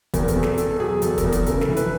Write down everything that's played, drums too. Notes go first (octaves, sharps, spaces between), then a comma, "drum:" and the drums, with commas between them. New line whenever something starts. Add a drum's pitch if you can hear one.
E2 A#4, drum: kick, hi-hat
A4, drum: hi-hat
E2
A4, drum: snare
B2 A4, drum: hi-hat
F#3 G#4
E2 A4, drum: hi-hat
A#4, drum: kick, hi-hat
E2
A4, drum: kick, hi-hat
C#3 A#4, drum: hi-hat
A4, drum: snare
E3
B4, drum: hi-hat